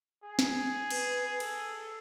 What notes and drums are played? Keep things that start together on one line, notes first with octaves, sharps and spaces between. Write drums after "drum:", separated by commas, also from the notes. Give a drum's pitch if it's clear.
G#4
drum: snare
B4, drum: cymbal
A4, drum: cymbal